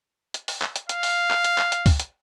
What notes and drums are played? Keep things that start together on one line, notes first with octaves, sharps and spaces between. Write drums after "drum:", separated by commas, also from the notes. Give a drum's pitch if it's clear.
drum: hi-hat
drum: open hi-hat
drum: clap
drum: hi-hat
F5, drum: hi-hat
drum: open hi-hat
drum: clap
drum: hi-hat
drum: clap
drum: hi-hat
drum: kick C#2, open hi-hat
drum: hi-hat